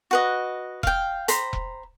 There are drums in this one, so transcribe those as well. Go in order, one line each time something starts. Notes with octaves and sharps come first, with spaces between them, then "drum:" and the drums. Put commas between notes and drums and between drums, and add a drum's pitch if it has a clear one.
F#4 B4 D#5
F5 G5, drum: kick E1
C5 A#5 B5, drum: hi-hat
drum: kick E1